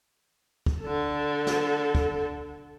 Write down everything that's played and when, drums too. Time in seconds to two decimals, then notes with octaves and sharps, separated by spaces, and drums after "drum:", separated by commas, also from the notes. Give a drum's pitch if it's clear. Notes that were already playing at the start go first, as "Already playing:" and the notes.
0.66 drum: kick
0.82 D3 A4
1.47 drum: snare
1.95 drum: kick